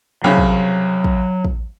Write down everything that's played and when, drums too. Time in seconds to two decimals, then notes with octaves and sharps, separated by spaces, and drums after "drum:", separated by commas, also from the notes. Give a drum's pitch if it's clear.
0.24 C2 C#3 F#3
0.38 drum: kick
1.04 drum: kick
1.44 drum: kick